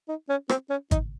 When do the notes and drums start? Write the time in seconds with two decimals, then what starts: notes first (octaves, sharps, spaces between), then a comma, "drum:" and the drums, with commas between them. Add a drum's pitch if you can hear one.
0.08 D#4
0.29 C#4
0.49 C4, drum: rim click
0.70 C#4
0.91 D#4, drum: kick G#1, hi-hat